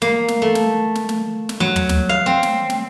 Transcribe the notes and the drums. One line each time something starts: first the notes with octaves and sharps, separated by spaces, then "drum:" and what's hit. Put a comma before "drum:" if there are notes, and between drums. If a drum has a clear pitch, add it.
A#3, drum: snare
drum: snare
A3
drum: snare
drum: snare
drum: snare
drum: snare
F#3
drum: tom
drum: snare
F5
C4
drum: snare
drum: snare